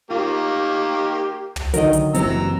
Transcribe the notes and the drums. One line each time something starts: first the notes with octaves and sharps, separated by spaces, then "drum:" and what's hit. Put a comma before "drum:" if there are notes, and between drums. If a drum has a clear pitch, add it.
D#3 A#3 F4 G4
drum: tom
D3 D#3 F#3 A#4 D#5, drum: hi-hat
drum: hi-hat
F#1 E3 F#3 C4 A#5 E6, drum: hi-hat